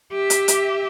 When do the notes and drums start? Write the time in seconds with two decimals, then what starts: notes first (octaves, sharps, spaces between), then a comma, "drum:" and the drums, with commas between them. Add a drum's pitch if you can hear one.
0.12 G4 E5
0.30 drum: hi-hat
0.48 drum: hi-hat